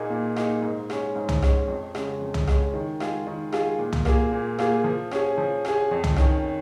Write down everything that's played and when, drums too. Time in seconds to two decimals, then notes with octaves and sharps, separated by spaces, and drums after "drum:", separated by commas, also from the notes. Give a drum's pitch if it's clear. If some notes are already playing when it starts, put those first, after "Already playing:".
Already playing: A#2 A#3 D#4 G#4
0.10 A#2
0.36 A#3 D#4 G#4, drum: rim click
0.62 G#2
0.90 G#3 C#4, drum: rim click
1.16 G#2
1.29 drum: tom
1.42 G#3 C#4, drum: rim click
1.68 F2
1.95 C#3 G#3 C#4, drum: rim click
2.21 F2
2.34 drum: tom
2.47 C#3 G#3 C#4, drum: rim click
2.74 D#3
3.00 G#3 F4 G#4, drum: rim click
3.27 D#3
3.52 G#3 F4 G#4, drum: rim click
3.79 A#2
3.92 drum: tom
4.05 A#3 F4 G#4, drum: rim click
4.32 A#2
4.59 A#3 F4 G#4, drum: rim click
4.84 F3
5.11 C#4 G#4, drum: rim click
5.38 F3
5.65 C#4 G#4, drum: rim click
5.91 F2
6.04 drum: tom
6.16 D#3 C#4, drum: rim click